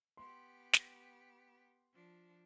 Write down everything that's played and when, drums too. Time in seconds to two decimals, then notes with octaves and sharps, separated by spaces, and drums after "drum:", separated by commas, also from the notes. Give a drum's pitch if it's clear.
0.17 B3 G4 C6
0.73 drum: snare
1.93 F3 D4